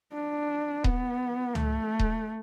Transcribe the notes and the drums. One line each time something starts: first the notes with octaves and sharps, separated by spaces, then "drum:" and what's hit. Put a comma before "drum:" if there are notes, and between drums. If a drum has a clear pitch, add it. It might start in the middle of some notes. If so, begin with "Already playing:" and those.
D4
B3, drum: kick D#1
A3, drum: tom
drum: kick D#1